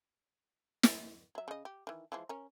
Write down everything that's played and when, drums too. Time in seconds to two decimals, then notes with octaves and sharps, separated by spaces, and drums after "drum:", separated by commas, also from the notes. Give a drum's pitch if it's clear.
0.83 drum: snare
1.35 F#3 E5
1.48 C#3 D#5
1.65 G4
1.87 D#3 E3
2.12 E3 F3 G#3
2.29 C#4 A#4